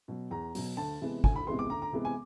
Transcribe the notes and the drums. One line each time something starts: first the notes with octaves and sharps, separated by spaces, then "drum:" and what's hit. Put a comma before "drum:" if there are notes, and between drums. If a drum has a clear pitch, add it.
B2 F#3
E2 A#5
B2 F#3, drum: open hi-hat
D2 A5
C3 E3 G#3 B3
D2 G#5, drum: kick
B5
C3 E3 G#3 B3 C6
D6
D2 A#5
A#5
C3 E3 G#3 B3
G#5